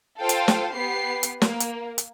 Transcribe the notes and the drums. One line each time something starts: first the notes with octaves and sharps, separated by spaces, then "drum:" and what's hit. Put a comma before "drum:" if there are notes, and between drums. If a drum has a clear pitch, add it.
F4 A4 C5 F5 G5
drum: hi-hat
drum: snare
B3 G4 C7
drum: hi-hat
A#3, drum: snare
drum: hi-hat
drum: hi-hat